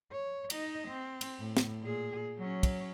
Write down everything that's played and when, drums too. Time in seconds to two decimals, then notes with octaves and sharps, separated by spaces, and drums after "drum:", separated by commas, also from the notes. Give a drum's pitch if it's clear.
0.12 C#5
0.50 D#4 D#5, drum: cymbal
0.88 C4
1.21 drum: cymbal
1.39 A2
1.57 drum: snare
1.83 A#2 G#4
2.39 F#3 C#4
2.63 drum: kick, cymbal